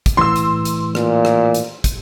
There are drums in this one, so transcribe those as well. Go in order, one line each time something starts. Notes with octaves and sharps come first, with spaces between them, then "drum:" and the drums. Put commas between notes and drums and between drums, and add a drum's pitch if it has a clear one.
drum: kick, hi-hat
A2 E3 C6 E6
drum: hi-hat
drum: hi-hat
A#2, drum: rim click
drum: rim click
drum: hi-hat
drum: kick, hi-hat